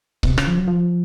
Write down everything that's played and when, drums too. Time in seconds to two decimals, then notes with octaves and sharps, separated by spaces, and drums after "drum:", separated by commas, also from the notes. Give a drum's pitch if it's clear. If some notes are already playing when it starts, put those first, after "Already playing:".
0.23 B2, drum: kick C#1
0.28 C3
0.38 C#3, drum: rim click
0.47 F3
0.58 F#3
0.68 F3